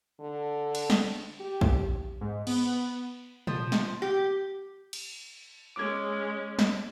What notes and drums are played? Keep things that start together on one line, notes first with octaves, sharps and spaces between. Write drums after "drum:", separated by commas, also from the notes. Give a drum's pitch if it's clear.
D3
drum: cymbal
drum: snare
G4
drum: kick A#1
G#2
B3, drum: cymbal
F3, drum: tom
drum: snare
G4
drum: cymbal
G#3 C#4 D6 G#6
drum: snare